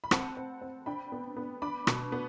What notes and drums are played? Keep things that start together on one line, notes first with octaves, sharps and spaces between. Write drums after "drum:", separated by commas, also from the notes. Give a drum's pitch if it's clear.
B5
C4 F#5 A5, drum: rim click
C4
C4
D4 G5 B5
B3
B3
D4 B5 D6
B2, drum: rim click
B3